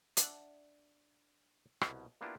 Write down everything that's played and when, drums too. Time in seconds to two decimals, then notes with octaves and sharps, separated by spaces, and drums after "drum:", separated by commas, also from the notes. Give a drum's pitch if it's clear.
0.17 D4 E5 F#5, drum: hi-hat
1.81 C2 B2, drum: rim click
2.21 A#3 B3 D4 E4 F4 G4